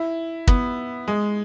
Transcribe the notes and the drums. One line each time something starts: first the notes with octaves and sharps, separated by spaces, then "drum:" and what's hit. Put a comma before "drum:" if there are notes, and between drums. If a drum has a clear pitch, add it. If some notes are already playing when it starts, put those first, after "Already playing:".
Already playing: E4
B3, drum: kick
G#3